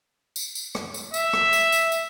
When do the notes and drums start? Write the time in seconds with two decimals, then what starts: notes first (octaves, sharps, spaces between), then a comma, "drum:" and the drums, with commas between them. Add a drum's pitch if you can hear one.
0.36 drum: tambourine
0.55 drum: tambourine
0.75 drum: rim click
0.94 drum: tambourine
1.14 E5, drum: tambourine
1.33 drum: rim click
1.53 drum: tambourine
1.72 drum: tambourine
1.92 drum: tambourine